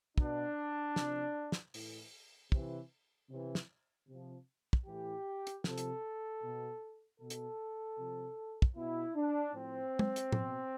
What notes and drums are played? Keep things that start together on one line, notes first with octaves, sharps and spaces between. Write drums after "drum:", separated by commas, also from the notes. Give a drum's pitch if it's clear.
B2 D4, drum: kick
C3 F3, drum: snare
drum: snare
A2 E3, drum: open hi-hat
C3 E3, drum: kick
C3 E3
drum: snare
C3 F3
drum: kick
A2 E3 G4
drum: hi-hat
C3 F3 A4, drum: snare
drum: hi-hat
B2
B2 A4
drum: hi-hat
C3 F3
drum: kick
B2 E4
D4
A2 F3 C4
drum: tom
drum: hi-hat
B2, drum: tom A2